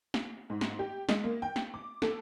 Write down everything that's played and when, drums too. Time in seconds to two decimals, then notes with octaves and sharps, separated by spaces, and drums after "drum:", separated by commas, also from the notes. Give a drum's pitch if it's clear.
0.14 drum: snare
0.50 G#2
0.61 drum: snare
0.79 G4
1.09 G#3, drum: snare
1.24 A#3
1.42 G5
1.56 drum: snare
1.74 D6
2.02 A4, drum: snare